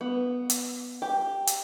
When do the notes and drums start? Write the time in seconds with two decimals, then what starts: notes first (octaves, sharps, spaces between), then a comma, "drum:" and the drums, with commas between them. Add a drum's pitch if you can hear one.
0.01 B3
0.50 drum: hi-hat
1.02 G4
1.47 drum: hi-hat